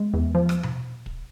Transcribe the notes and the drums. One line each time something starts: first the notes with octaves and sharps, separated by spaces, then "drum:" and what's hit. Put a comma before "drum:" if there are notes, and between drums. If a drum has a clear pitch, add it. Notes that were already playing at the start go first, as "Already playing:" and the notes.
Already playing: G#3
E2
F3
drum: rim click
drum: tom B2
drum: kick